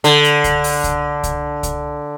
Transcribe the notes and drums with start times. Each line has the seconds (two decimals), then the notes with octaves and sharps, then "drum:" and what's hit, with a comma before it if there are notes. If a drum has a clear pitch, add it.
0.04 D3, drum: hi-hat
0.24 drum: hi-hat
0.44 drum: kick C2, hi-hat
0.64 drum: open hi-hat
0.84 drum: kick C2, hi-hat
1.23 drum: kick C2, hi-hat
1.63 drum: kick C2, hi-hat